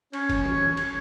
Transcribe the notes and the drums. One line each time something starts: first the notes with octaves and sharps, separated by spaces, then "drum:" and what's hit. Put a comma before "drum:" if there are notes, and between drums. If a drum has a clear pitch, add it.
C#4 C#5, drum: cymbal
drum: kick F#1, cymbal
drum: tom
drum: tom
drum: cymbal